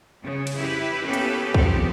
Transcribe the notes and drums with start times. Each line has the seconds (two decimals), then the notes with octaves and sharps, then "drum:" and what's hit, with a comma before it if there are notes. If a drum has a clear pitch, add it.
0.23 C#3
0.47 drum: cymbal
0.57 E4 G4 B4
1.03 A#3 B3 C#4 G4 A4 B4
1.13 drum: hi-hat
1.54 F3 B3 C4 G4, drum: kick